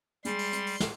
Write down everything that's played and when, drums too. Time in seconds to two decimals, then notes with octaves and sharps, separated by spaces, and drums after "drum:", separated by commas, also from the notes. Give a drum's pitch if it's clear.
0.25 G3 G#3 C6, drum: hi-hat
0.39 drum: open hi-hat
0.53 drum: hi-hat
0.67 drum: open hi-hat
0.80 drum: snare